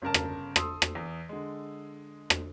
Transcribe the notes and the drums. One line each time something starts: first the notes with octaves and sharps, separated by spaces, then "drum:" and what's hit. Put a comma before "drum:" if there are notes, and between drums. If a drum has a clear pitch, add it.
G1 C#3 A#4 A5
drum: rim click
A4 C6 D#6 E6, drum: rim click
drum: rim click
E2
D3 G#3
drum: rim click